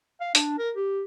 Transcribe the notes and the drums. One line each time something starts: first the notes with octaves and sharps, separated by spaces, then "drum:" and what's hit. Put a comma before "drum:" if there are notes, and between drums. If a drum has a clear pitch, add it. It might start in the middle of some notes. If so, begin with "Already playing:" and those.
F5
D4, drum: hi-hat
A#4
G4